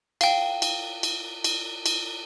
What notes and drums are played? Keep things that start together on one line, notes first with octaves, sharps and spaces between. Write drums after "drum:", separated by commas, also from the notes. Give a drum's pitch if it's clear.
F5 G5, drum: cymbal
drum: cymbal
drum: cymbal
drum: cymbal
drum: cymbal